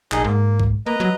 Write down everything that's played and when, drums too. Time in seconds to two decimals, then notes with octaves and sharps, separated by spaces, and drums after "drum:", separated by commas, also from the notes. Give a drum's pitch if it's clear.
0.12 A#1 D#4 G#4 D#5, drum: clap
0.24 G#2 A#3
0.60 drum: kick
0.86 A#3 B4 D#5 A#5
1.00 F#3